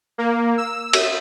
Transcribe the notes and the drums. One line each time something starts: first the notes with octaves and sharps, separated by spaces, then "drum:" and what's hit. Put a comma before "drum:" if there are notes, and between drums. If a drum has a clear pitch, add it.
A#3
E6
drum: cymbal